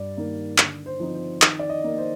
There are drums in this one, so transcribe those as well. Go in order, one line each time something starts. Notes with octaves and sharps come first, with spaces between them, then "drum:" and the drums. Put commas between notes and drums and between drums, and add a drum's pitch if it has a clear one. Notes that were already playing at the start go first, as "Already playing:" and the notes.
Already playing: G2 D5
D#3 A#3 D#4
D3, drum: clap
C5
F3 C4 D#4
C5
D#3, drum: clap
D5
D#5
A#3 D#4
C5